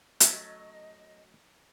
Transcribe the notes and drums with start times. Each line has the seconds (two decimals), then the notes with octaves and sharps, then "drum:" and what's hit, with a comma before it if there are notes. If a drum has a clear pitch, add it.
0.20 F#3 A3 C#4 D#5, drum: hi-hat